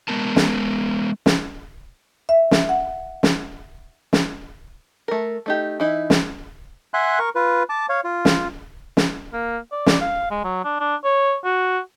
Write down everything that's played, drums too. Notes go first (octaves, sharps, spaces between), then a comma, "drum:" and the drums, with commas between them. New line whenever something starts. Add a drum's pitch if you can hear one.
G#3 B3 A#4 A5
drum: snare
drum: snare
E5
drum: snare
F#5
drum: snare
drum: snare
A3 A#4
A3 D#4 G4
E3 D#4 E4
drum: snare
E5 F#5 G#5 C6 F#6
A#4 C#6
F4 B4
A5 D6
C#5 F5
F4
drum: snare
drum: snare
A#3
D5
drum: snare
F5
G#3
F#3
D4
D4
C#5
F#4